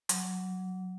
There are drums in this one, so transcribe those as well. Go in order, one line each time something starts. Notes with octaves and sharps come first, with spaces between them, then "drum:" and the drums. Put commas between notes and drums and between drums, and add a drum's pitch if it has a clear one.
F#3, drum: hi-hat